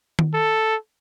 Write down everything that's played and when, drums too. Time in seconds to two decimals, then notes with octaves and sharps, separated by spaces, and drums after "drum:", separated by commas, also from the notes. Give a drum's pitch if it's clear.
0.19 drum: tom D#3
0.34 A4